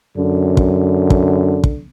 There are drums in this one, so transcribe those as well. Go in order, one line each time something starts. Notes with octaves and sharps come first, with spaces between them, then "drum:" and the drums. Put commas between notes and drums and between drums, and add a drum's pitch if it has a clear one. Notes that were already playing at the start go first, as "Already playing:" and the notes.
F#2 D3
drum: kick
drum: kick
drum: kick